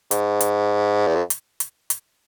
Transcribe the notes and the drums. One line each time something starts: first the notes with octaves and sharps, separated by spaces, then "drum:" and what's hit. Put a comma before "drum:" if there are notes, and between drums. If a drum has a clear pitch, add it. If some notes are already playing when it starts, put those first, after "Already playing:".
G#2, drum: hi-hat
drum: hi-hat
E2
F2
drum: hi-hat
drum: hi-hat
drum: hi-hat